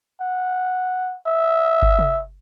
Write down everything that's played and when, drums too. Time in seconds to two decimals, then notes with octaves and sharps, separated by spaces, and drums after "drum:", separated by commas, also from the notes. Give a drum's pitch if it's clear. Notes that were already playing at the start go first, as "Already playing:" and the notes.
0.21 F#5
1.27 E5
1.82 drum: kick G1
1.99 drum: tom C3